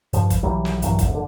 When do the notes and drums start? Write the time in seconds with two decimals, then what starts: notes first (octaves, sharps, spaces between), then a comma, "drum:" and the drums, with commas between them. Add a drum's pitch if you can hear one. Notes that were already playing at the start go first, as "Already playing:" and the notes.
0.13 G2 F3, drum: hi-hat
0.30 drum: kick, hi-hat
0.43 B1 E3 F#3 G3
0.65 drum: snare
0.82 A#1 G2 E3 F#3, drum: hi-hat
0.99 G#1 D2, drum: kick, hi-hat
1.11 F#1 D3